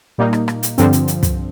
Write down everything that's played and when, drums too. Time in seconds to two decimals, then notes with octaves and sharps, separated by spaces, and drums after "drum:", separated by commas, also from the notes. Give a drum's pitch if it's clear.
0.18 A#2 G3 A#3 D#4
0.33 drum: rim click
0.48 drum: rim click
0.63 drum: hi-hat
0.78 G2 D3 F3 C4, drum: hi-hat
0.93 drum: hi-hat
1.08 drum: hi-hat
1.23 drum: kick, hi-hat